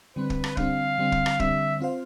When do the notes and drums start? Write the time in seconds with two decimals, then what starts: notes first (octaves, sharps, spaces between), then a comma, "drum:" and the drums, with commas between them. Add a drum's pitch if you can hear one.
0.16 D3 G3 C4 B4
0.30 drum: kick
0.44 drum: rim click
0.57 D3 G3 C4 F5, drum: kick
0.98 D3 G3 C4
1.12 drum: kick
1.26 drum: rim click
1.40 D3 G3 C4 E5, drum: kick
1.80 C4 F4 C5 F5